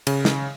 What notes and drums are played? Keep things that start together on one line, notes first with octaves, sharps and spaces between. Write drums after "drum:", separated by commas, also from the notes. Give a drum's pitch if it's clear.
C#3, drum: cymbal
drum: snare